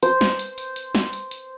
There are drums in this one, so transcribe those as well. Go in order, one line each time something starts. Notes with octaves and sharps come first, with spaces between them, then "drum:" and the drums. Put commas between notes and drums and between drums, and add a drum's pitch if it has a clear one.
C5, drum: hi-hat
drum: snare
drum: hi-hat
drum: hi-hat
drum: hi-hat
drum: snare
drum: hi-hat
drum: hi-hat